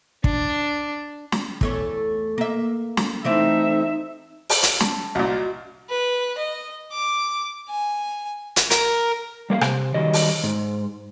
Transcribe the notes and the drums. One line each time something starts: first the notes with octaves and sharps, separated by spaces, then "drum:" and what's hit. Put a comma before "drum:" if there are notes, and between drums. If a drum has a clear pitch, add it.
D4, drum: kick
drum: snare
E2 A3 C#5, drum: kick
A#3 E5
drum: snare
E3 A3 C4 D#4 E5
drum: open hi-hat
drum: hi-hat
A5, drum: snare
C2 A#2 F#4 D#5
B4
D#5
D6
G#5
drum: hi-hat
A#4, drum: hi-hat
G3 A#3 E5 F5
C3, drum: rim click
D#3 F#3 G3 D#5
drum: open hi-hat
G#2